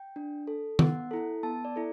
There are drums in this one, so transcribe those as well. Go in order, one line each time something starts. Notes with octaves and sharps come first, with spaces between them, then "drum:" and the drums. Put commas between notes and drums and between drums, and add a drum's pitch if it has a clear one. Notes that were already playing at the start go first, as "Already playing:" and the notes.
Already playing: G5
D4
A4
B3 F#5, drum: tom D#3
E4 A4
B3 A5
D5
E4 A4